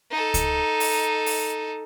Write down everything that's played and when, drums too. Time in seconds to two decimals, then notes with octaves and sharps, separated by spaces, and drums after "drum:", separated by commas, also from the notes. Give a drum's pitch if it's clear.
0.11 D#4 A4
0.34 drum: kick C#2, hi-hat
0.80 drum: open hi-hat
1.26 drum: open hi-hat